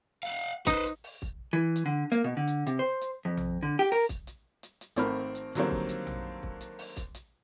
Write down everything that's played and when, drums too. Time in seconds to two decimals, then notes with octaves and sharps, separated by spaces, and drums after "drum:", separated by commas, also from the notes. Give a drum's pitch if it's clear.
0.23 F5 F#5
0.67 D#4 B4 C5, drum: kick, hi-hat
0.86 drum: hi-hat
1.04 drum: open hi-hat
1.22 drum: kick
1.53 E3
1.76 drum: hi-hat
1.86 D3
2.12 A#3, drum: hi-hat
2.24 B2
2.37 D3
2.48 drum: hi-hat
2.67 C3, drum: hi-hat
2.79 C5
3.01 drum: hi-hat
3.25 F2
3.37 drum: tom A#1
3.63 D3
3.79 G4
3.92 A#4, drum: open hi-hat
4.09 drum: kick, hi-hat
4.27 drum: hi-hat
4.63 drum: hi-hat
4.81 drum: hi-hat
4.96 G#1 A3 C4 A#4 B5 F6, drum: hi-hat
5.35 drum: hi-hat
5.55 D3 D#3 F#3 G3 A#3 C4, drum: hi-hat
5.71 drum: kick
5.89 drum: hi-hat
6.07 drum: tom A#1
6.43 drum: kick
6.61 drum: hi-hat
6.79 drum: open hi-hat
6.97 drum: kick, hi-hat
7.15 drum: hi-hat